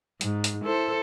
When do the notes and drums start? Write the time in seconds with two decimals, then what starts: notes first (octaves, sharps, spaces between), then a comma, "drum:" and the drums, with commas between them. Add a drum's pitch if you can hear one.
0.21 G#2, drum: hi-hat
0.44 drum: hi-hat
0.64 E4 A4 C5